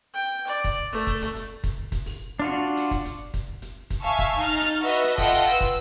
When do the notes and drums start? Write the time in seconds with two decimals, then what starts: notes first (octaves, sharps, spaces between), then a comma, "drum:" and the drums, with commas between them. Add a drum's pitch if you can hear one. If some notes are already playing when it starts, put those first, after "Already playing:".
0.14 G5
0.47 D5
0.64 drum: kick, hi-hat
0.92 A3
1.07 drum: kick
1.21 drum: hi-hat
1.35 drum: hi-hat
1.64 drum: kick, hi-hat
1.92 drum: kick, hi-hat
2.06 drum: open hi-hat
2.40 D4 F4 F#4
2.77 drum: hi-hat
2.91 drum: kick, hi-hat
3.05 drum: hi-hat
3.34 drum: kick, hi-hat
3.62 drum: hi-hat
3.90 drum: kick, hi-hat
4.01 E5 F5 G#5 A5 C#6
4.19 drum: kick, hi-hat
4.40 D#4 F6 A6
4.61 drum: hi-hat
4.83 F#4 B4 D#5 E5
5.04 drum: hi-hat
5.18 F4 A4 D#5 E5 F#5 G5, drum: kick, hi-hat
5.32 drum: hi-hat
5.48 B4 E6
5.60 drum: kick, hi-hat